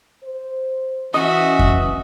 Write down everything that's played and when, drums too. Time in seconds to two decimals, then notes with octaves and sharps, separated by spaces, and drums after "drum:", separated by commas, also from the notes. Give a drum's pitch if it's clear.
0.24 C5
1.14 E3 C#4 F#4 D#5 E5
1.59 drum: kick F2